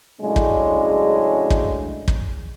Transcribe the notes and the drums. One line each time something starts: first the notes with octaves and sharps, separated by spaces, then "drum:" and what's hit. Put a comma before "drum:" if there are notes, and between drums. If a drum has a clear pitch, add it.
A2 C#3 F#3 G#3 D4
drum: kick
drum: kick
drum: kick